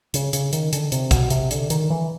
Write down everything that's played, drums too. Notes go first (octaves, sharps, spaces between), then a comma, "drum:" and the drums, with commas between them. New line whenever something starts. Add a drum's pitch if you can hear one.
C#3, drum: hi-hat
C#3, drum: hi-hat
D#3, drum: hi-hat
D3, drum: hi-hat
C3, drum: hi-hat
B2, drum: kick, hi-hat
C3, drum: hi-hat
D3, drum: hi-hat
D#3, drum: hi-hat
E3